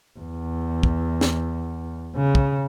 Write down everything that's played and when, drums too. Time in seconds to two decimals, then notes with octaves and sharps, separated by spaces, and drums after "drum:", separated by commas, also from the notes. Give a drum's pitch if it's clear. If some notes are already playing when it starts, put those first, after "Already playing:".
0.19 E2
0.83 drum: kick
1.21 drum: snare
2.16 C#3
2.35 drum: kick